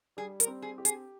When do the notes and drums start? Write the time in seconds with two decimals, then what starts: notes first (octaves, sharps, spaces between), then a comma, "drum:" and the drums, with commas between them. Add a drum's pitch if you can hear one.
0.17 G3 G#4
0.40 A#4, drum: hi-hat
0.47 C4
0.62 G#4
0.78 G4
0.85 G#4, drum: hi-hat